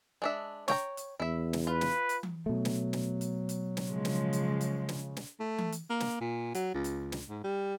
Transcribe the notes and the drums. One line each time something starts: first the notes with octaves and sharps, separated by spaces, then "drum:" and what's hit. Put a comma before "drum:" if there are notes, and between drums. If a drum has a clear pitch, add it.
G#3 D4 E5
C#5 G5 A#5, drum: snare
drum: hi-hat
E2 E4 E5
drum: snare
F4 B4
drum: snare
drum: hi-hat
drum: tom E3
B2 F#3 A3
drum: snare
drum: snare
drum: hi-hat
drum: hi-hat
drum: snare
C#3 F3 G#3
drum: snare
drum: hi-hat
drum: hi-hat
drum: snare
drum: snare
A3
drum: tom E3
drum: hi-hat
A#3
drum: snare
A#2
F#3, drum: hi-hat
C#2
drum: hi-hat
drum: snare
G#2
G3